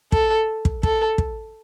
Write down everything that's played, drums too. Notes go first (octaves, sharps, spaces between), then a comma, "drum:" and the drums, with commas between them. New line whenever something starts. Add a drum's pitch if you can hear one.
A4, drum: kick
drum: kick
A4, drum: kick
drum: kick